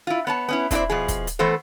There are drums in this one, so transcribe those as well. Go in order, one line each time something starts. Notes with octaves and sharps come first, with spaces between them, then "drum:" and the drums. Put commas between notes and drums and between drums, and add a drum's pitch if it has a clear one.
E4 F4
B3 C#5 A5
B3 C#4 E4
C4 D4 E4 F4 C5 D5, drum: kick, hi-hat
B2 F3 G#4
drum: kick, hi-hat
drum: hi-hat
E3 A3 B3 A4 C5